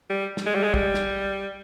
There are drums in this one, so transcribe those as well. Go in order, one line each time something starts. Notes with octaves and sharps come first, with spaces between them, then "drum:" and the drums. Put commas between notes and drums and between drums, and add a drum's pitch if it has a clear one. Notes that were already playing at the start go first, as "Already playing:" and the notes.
G3
drum: snare
G#3
G3
G#3
G3, drum: kick
drum: snare